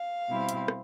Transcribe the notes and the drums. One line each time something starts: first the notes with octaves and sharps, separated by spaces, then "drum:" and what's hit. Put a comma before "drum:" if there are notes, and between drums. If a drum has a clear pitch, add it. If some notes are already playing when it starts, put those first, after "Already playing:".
Already playing: F5
B2 G3 C4 E4
drum: hi-hat
drum: rim click